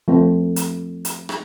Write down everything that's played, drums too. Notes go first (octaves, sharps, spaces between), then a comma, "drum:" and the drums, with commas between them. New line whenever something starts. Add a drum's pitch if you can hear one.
F3 A3 C4
drum: hi-hat
drum: hi-hat
drum: rim click